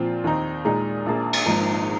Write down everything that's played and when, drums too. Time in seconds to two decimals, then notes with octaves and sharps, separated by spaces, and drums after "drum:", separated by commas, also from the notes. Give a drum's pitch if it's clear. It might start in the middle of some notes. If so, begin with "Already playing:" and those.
Already playing: A#2 F3 C4 F4
0.24 D#2 D#3 C4 D#4
0.65 A#2 G#3 D#4 G#4
1.06 A#1 A#2 A#3 G#4
1.33 drum: cymbal
1.46 G#1 G#2 F3 A#3 D#4